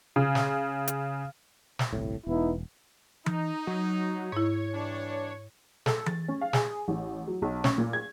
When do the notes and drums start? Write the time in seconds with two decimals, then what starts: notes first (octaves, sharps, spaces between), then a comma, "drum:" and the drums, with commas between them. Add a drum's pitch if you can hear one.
0.16 C#3
0.35 drum: snare
0.88 drum: hi-hat
1.79 drum: snare
1.93 G1 C2 A2
2.27 E1 B3 D#4 E4
3.26 D#4, drum: tom E3
3.67 F#3
4.32 G#2 E4 C#5
4.74 E3 G3 D4
5.86 A4, drum: snare
6.06 A6, drum: tom E3
6.28 C#4
6.41 F5
6.53 G#4, drum: snare
6.88 A1
7.28 F#3
7.42 B1
7.64 C#4, drum: snare
7.78 A#2
7.93 G#6